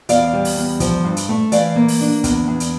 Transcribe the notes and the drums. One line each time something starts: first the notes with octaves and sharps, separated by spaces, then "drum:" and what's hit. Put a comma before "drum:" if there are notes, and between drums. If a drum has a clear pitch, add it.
E2 D5 F5, drum: hi-hat
G3
drum: open hi-hat
E2
F3, drum: kick, hi-hat
G2
drum: hi-hat
A3
E3 D5 F5, drum: hi-hat
A#3
drum: open hi-hat
D4
E2, drum: kick, hi-hat
E2
drum: hi-hat